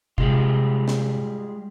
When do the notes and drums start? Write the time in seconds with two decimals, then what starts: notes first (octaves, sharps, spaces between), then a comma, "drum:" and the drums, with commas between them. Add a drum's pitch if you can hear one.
0.18 C3 G3 G#3 F4, drum: kick
0.88 drum: snare